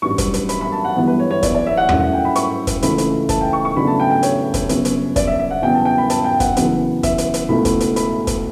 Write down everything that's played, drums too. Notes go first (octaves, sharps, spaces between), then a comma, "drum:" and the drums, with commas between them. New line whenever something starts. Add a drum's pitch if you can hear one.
A1 G2 F#3 C#6
drum: kick, hi-hat
drum: hi-hat
B5, drum: hi-hat
B5
A5
F#5
G1 F#2 E3 G3 B3
B4
C#5
C#5
D5, drum: kick, hi-hat
D5
E5
F#5
A2 F#3 C#4 E5, drum: tom E2
F#5
G5
B5
C#6, drum: hi-hat
drum: kick, hi-hat
C#2 C#3 E3 A3 B5, drum: hi-hat
drum: hi-hat
A5, drum: kick, hi-hat
G5
C#6
C#6
E2 C#3 F#3 A3 D4 B5
A5
G5
G5
C#5, drum: hi-hat
drum: kick, hi-hat
G1 F#2 C#3, drum: hi-hat
drum: hi-hat
D5, drum: kick, hi-hat
E5
E5
F#5
E2 C#3 F#3 G5
A5
G5
B5
A5, drum: hi-hat
G5
F#5, drum: kick, hi-hat
F#2 C#3 E3 B3, drum: hi-hat
E5, drum: kick, hi-hat
drum: hi-hat
drum: hi-hat
C#2 B2 A3 E4 B5
drum: kick, hi-hat
drum: hi-hat
B5, drum: hi-hat
drum: kick, hi-hat